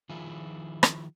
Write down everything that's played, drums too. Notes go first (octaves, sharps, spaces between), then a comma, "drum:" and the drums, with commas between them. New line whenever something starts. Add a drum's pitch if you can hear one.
D#3 F3 E4 F4 G#4
drum: rim click